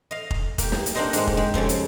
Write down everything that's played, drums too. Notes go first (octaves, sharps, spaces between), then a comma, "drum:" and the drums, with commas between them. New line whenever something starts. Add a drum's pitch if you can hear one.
D#5 F5
drum: kick F1
A#3 G4, drum: kick F1, hi-hat
drum: snare
drum: hi-hat
A#3 C4 D4 D#4 C5 D#5
G#2 G#3, drum: hi-hat
drum: kick F1
G#3 G4
F2 C#3 F3 C4, drum: kick F1
drum: hi-hat